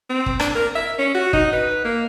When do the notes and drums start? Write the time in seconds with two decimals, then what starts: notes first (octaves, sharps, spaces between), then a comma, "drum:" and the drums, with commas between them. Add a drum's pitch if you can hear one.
0.10 C4
0.26 drum: kick
0.40 D4, drum: rim click
0.55 A#4
0.76 E5
0.99 C#4
1.15 F#4
1.33 D#4, drum: kick
1.53 B4
1.84 A#3